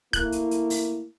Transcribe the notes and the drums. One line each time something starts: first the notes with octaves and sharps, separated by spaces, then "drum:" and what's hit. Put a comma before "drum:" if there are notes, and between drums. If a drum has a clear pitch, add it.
A3 A#3 E4 F#6, drum: kick, hi-hat
drum: hi-hat
drum: hi-hat
drum: open hi-hat